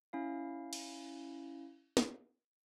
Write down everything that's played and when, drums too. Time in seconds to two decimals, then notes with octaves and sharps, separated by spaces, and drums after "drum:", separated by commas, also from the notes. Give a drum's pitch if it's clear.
0.13 C#4 E4 F5
0.73 drum: cymbal
1.97 drum: snare